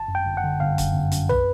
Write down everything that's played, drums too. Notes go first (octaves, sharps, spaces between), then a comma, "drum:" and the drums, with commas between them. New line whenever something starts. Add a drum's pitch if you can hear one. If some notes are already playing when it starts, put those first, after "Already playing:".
Already playing: G1 A5
F#2
G5
G1
F#5
D3
G1 F5
F#2, drum: kick, hi-hat
G1
F#2, drum: hi-hat
B4, drum: tom